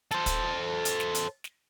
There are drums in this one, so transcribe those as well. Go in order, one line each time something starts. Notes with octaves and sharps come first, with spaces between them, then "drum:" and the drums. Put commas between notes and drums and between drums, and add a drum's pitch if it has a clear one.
A4 C5, drum: snare
drum: kick, hi-hat
drum: hi-hat
drum: snare
drum: hi-hat
drum: snare